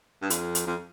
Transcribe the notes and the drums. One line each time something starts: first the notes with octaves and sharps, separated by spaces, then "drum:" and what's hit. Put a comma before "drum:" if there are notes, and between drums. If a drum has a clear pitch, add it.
G2
F2, drum: hi-hat
drum: hi-hat
F2